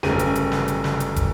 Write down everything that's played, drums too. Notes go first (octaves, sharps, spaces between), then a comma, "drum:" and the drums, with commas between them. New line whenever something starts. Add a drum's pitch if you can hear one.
D1 G1 C#3 A#4 D#7, drum: snare
drum: hi-hat
drum: hi-hat
drum: snare
drum: hi-hat
drum: snare
drum: hi-hat
drum: kick, hi-hat